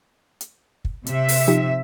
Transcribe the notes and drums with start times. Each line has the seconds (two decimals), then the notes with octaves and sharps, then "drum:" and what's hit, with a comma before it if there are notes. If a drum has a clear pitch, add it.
0.41 drum: hi-hat
0.85 drum: kick
1.07 C3 E5, drum: hi-hat
1.28 drum: open hi-hat
1.48 F3 D#4 G4